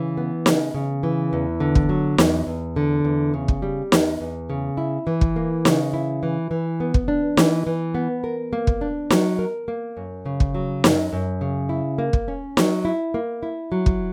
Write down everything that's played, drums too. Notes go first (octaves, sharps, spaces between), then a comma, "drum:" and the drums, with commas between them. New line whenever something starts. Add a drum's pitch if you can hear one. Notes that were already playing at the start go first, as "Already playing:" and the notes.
Already playing: C#3 E3
B3
C#3, drum: snare
C#3
E3
E2
D3
drum: kick
F#3
E2, drum: snare
E2
D3
E2
C#3
drum: kick
G3
E2, drum: snare
E2
C#3
E4
E3
drum: kick
A#3
C#3, drum: snare
E4
E3
E3
B3
drum: kick
D4
E3, drum: snare
E3
B3
A#4
A#3
drum: kick
D4
F#3, drum: snare
A#4
A#3
F#2
C#3
drum: kick
F#3
F#2, drum: snare
F#2
C#3
E4
A#3
drum: kick
C#4
F#3, drum: snare
E4
A#3
E4
F#3
drum: kick